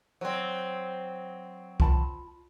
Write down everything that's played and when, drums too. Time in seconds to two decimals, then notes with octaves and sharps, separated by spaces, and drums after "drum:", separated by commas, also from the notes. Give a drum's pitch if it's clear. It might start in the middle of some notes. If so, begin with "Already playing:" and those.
0.21 F#3 C4 C5 D5
1.80 F4 A5 B5, drum: kick C2